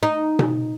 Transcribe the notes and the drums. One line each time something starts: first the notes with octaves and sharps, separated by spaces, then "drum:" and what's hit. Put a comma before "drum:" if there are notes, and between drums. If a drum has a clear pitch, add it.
D#4
drum: tom B2